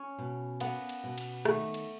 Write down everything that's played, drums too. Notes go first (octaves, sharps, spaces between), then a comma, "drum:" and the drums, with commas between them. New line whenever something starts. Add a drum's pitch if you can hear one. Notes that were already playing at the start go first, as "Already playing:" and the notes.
Already playing: C#4
B2
A#3 B3, drum: cymbal
drum: cymbal
B2
drum: cymbal
D#3 A3, drum: rim click
drum: cymbal